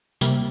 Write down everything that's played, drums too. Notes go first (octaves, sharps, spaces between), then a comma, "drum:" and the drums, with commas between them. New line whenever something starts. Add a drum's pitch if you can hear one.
C3 G3 A#3, drum: tambourine